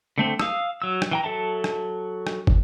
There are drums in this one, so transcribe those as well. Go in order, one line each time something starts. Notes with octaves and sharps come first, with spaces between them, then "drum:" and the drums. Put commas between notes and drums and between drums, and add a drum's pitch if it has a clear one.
D3 A3 C4
F5 D#6 E6, drum: rim click
F#3 E6
drum: rim click
E3 G5 A#5
F#3 A4 E5 A5
drum: rim click
drum: rim click
drum: kick